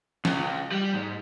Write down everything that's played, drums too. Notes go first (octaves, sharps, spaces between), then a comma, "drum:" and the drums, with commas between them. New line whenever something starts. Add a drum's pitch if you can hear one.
C#2, drum: snare
G3
G#2